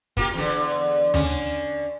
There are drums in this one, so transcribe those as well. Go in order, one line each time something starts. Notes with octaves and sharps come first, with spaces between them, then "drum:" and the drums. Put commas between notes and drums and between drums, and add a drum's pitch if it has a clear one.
A#3 F4 G4, drum: kick
E2 D3
D3 C#4, drum: tom D#2